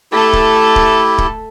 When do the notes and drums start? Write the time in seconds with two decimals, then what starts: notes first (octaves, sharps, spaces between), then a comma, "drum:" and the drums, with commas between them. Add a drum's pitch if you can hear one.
0.12 A3 E4 G4 A4
0.33 drum: kick D1
0.76 drum: kick D1
1.18 drum: kick D1